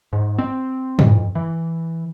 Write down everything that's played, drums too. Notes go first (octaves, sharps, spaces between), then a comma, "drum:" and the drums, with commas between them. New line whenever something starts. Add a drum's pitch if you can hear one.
G#2
C4
F2, drum: tom
E3